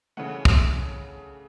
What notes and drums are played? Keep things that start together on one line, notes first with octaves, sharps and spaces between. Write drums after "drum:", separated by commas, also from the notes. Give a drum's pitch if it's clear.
C#3 E3 A3 F#5
drum: kick